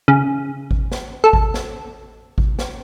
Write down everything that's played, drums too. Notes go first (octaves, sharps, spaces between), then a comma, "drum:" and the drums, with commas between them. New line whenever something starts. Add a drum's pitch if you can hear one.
C#3
drum: kick G#1
drum: snare
A4
drum: kick G#1
drum: snare
drum: kick G#1
drum: snare